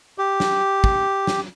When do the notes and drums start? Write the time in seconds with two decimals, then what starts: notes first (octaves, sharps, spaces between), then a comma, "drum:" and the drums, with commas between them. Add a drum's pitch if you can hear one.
0.18 G4
0.40 drum: snare
0.84 drum: kick
1.27 drum: snare